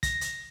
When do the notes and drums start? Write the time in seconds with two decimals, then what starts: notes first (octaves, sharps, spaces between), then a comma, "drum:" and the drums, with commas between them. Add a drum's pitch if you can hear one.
0.03 A#6, drum: kick, hi-hat
0.21 drum: hi-hat